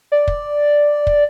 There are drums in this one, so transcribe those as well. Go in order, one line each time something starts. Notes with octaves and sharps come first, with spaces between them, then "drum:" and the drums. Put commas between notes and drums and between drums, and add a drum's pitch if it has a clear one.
D5
drum: kick
drum: kick